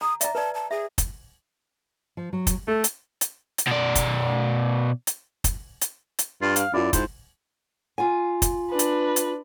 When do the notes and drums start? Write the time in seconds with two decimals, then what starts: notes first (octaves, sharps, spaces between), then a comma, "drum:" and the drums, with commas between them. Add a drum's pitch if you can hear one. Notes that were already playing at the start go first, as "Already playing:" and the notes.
0.01 A#5 D#6
0.21 D5 E5 A#5, drum: hi-hat
0.35 B4 D5 A5
0.55 A5
0.71 G#4 E5
0.98 drum: kick, hi-hat
2.17 F3
2.33 F#3
2.47 drum: kick, hi-hat
2.68 A3 A4
2.84 drum: hi-hat
3.21 drum: hi-hat
3.58 drum: hi-hat
3.68 B2 D5
3.95 drum: kick, hi-hat
5.07 drum: hi-hat
5.44 drum: kick, hi-hat
5.81 drum: hi-hat
6.19 drum: hi-hat
6.42 G2 F4
6.56 F5, drum: hi-hat
6.74 F#2 E4 F4 D5
6.93 G#2 C5, drum: kick, hi-hat
7.98 F4 G#5
8.42 drum: kick, hi-hat
8.70 D4 B4
8.79 drum: hi-hat
9.16 drum: hi-hat